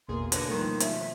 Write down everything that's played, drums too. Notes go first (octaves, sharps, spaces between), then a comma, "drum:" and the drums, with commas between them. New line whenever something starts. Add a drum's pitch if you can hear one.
A1 E2 B2 A#3 G#4 A#4 C6
D3 B4 F#5 G#5 A#6, drum: hi-hat
D#3 F3 G3 A3 A#3 C6
F4 E5, drum: hi-hat